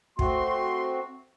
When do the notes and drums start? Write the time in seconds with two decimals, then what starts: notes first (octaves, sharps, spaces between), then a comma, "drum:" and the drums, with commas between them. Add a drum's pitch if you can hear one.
0.19 A3 C4 F#4 C6, drum: kick